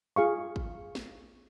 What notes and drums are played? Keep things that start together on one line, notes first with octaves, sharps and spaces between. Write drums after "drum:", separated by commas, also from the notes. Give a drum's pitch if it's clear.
F4 G#4 F5 C#6
drum: kick
drum: snare